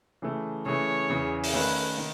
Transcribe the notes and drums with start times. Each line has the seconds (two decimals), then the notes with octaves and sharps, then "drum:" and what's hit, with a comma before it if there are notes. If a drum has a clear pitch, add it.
0.22 C#3 E3 A3
0.66 C#3 E3 A3 C#5
1.09 E2 C#3 E3
1.44 drum: open hi-hat
1.54 D#3 A3 C#4 B4
1.98 D#3